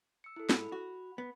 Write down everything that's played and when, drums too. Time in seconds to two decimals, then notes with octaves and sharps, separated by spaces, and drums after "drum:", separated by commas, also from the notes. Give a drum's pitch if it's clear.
0.24 E6 C#7
0.36 E4 A4
0.49 G#2 B5, drum: snare
0.72 F#4
1.18 B3